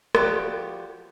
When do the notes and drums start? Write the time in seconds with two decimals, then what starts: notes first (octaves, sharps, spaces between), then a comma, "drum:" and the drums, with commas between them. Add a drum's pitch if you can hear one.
0.15 F3 F#4 G4 D5, drum: rim click